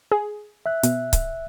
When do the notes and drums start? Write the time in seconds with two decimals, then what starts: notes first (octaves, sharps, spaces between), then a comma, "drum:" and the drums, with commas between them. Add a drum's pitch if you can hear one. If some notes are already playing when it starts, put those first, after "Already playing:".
0.12 G#4
0.66 E5 F#6
0.83 B2, drum: hi-hat
1.13 drum: kick C#1, hi-hat